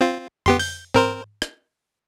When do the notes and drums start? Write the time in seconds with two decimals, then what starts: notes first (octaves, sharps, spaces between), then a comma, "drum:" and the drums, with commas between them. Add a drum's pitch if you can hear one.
0.01 C4 F4
0.46 B3 G4 C6, drum: tom F2
0.59 G6, drum: open hi-hat
0.94 C4 A#4 C5, drum: tom G#2
1.42 drum: rim click